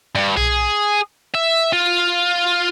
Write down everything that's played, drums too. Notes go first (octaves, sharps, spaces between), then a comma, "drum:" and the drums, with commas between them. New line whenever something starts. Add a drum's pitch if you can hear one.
G2
G#4, drum: tom B1
E5
F4